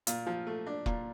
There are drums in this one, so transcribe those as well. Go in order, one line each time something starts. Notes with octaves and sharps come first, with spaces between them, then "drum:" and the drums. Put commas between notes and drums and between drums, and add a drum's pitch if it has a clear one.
A#2, drum: hi-hat
F3
A3
D4
A#2, drum: kick